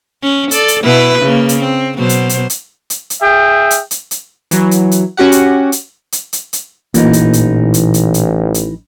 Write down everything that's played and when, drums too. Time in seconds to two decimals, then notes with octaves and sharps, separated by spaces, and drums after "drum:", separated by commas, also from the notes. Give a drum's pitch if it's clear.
0.22 C#4
0.51 A4 D5, drum: hi-hat
0.68 drum: hi-hat
0.83 B2 E4 B4
1.22 C#3 A#3
1.49 drum: hi-hat
1.61 C4
1.97 B2 F#3 C5
2.09 drum: hi-hat
2.29 drum: hi-hat
2.50 drum: hi-hat
2.90 drum: hi-hat
3.10 drum: hi-hat
3.22 G#4 E5 G5
3.71 drum: hi-hat
3.91 drum: hi-hat
4.11 drum: hi-hat
4.51 E3 F#3, drum: hi-hat
4.71 drum: hi-hat
4.92 drum: hi-hat
5.17 C#4 F#4 G4 F#5
5.32 drum: hi-hat
5.72 drum: hi-hat
6.12 drum: hi-hat
6.33 drum: hi-hat
6.53 drum: hi-hat
6.94 A1 A#2 E3 D#4, drum: hi-hat
7.13 drum: hi-hat
7.33 drum: hi-hat
7.74 drum: hi-hat
7.94 drum: hi-hat
8.14 drum: hi-hat
8.54 drum: hi-hat